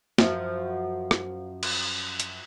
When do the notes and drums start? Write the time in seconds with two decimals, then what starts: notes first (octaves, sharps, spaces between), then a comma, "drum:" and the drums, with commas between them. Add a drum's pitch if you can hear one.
0.18 F#2 F3, drum: snare
1.11 drum: rim click
1.63 drum: cymbal
2.20 drum: hi-hat